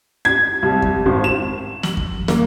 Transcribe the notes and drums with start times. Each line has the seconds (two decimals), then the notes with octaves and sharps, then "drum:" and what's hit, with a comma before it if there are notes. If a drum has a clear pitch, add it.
0.25 G#6
0.63 C2
0.82 drum: kick F2
1.06 G#1
1.24 E7
1.83 F#7, drum: snare
1.97 drum: kick F2
2.28 A#3, drum: snare